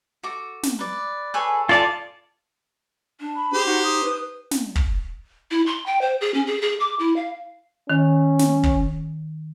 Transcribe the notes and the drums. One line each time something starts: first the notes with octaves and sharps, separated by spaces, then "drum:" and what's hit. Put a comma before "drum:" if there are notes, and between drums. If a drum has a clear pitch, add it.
F#4 A4 D6
drum: snare
B4 D5
G#4 A4 B4 C#5
F4 A4 D5 E5 F5 G#5 A5 D#6
D4
B5
G4 G#4 C5
D#4 F#4
D#6
B4
drum: snare
drum: kick
E4
C6
G5
C5
G#4
C#4
G#4
G#4
D6
E4
F5
D#3 C#4
drum: snare
drum: kick